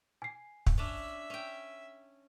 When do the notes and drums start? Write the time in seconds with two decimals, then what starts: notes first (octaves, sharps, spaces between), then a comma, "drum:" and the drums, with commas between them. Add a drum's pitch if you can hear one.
0.22 G#5 C7
0.66 drum: kick
0.78 C#4 D4 E5
1.30 C#4 G5